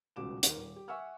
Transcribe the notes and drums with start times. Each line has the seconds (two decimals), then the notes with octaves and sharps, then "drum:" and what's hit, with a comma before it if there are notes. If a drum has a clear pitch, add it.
0.16 D#1 C#2 B2 D6 E7
0.43 D#2 A#4, drum: hi-hat
0.57 D#1
0.76 G4
0.88 E5 F#5 G#5 C#6 E6 F6